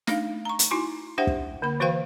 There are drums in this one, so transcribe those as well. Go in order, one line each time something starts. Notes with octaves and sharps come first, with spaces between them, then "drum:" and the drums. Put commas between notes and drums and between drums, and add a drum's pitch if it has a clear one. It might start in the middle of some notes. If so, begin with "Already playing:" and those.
A3 D4 D#4 F5, drum: snare
A#5 C#6
drum: hi-hat
D#4 E4 F#4 G#5 C6 D6
D4 G4 C5 E5 F#5 G5
drum: kick
D3 A#3 B5
E3 F#4 B4 C5 F5 G5